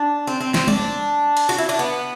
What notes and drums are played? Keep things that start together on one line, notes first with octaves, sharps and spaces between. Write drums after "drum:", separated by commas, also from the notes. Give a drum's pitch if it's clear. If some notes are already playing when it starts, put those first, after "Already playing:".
Already playing: D4
C4
C4
C4, drum: snare
D4, drum: tom G3
drum: cymbal
F#4
E4
D4
B3